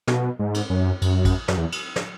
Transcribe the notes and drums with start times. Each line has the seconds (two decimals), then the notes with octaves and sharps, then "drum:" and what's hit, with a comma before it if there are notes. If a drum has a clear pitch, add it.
0.07 B2, drum: snare
0.39 G#2
0.54 drum: cymbal
0.70 F#2
1.02 F#2, drum: cymbal
1.25 drum: kick A1, cymbal
1.48 F#2, drum: snare
1.57 E2
1.72 drum: cymbal
1.96 drum: snare